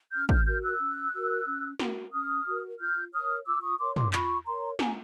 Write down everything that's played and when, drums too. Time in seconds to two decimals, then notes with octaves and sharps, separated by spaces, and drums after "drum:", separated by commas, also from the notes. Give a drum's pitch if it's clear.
0.12 C#4 F6 G6
0.29 F6 G6, drum: kick
0.46 F#4 A#4 F6 G6
0.62 E6 F#6
0.79 C#4
1.13 F#4 A#4
1.46 C#4
1.79 F#4 A#4, drum: snare
2.12 C#4 D#6 F6
2.46 F#4 A#4
2.79 F4 F6 G6
3.12 A#4 C#5 D#6 F6
3.46 F4 D6 E6
3.63 C#6 D#6
3.79 A#4 C#5 C6 D6
3.96 C6 D6, drum: tom
4.13 F4 B5 C#6, drum: clap
4.46 A#4 C#5 A#5 C6
4.79 F4 G#5 A#5, drum: snare